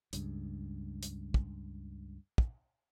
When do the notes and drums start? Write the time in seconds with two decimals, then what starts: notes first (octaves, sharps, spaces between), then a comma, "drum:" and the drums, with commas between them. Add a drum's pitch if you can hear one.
0.13 C#2 G2, drum: hi-hat
1.03 drum: hi-hat
1.34 drum: kick
2.38 drum: kick